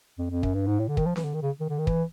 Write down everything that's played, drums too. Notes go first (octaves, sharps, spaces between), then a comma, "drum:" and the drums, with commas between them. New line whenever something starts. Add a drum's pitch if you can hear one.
F2
F2
F#2, drum: kick
G2
G#2
A2
D3
D#3, drum: kick
F3
E3, drum: snare C4
D3
D#3
C#3
D#3
D3
D#3
E3, drum: kick